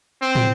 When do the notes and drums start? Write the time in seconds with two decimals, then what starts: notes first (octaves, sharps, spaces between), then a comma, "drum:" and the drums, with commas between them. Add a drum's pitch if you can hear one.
0.21 C4
0.35 drum: tom